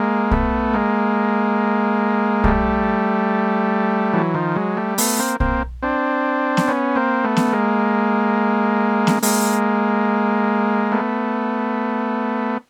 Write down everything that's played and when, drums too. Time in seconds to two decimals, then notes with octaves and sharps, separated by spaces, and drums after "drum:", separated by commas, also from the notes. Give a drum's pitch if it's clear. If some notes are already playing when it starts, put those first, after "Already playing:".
Already playing: G#3 A#3
0.31 A3 B3, drum: kick B1
0.74 G#3 A#3
2.44 G3 A3, drum: kick B1
4.13 E3 F#3
4.34 D#3 F3
4.56 F#3 G#3
4.77 G3 A3
4.98 A3 B3, drum: open hi-hat
5.19 A#3 C4
5.40 A#3 C4, drum: kick B1
5.82 C4 D4
6.57 drum: snare B3
6.68 B3 C#4
6.96 A#3 C4
7.24 A3 B3
7.37 drum: snare B3
7.53 G#3 A#3
9.07 drum: snare B3
9.23 G#3 A#3, drum: open hi-hat
10.92 A3 B3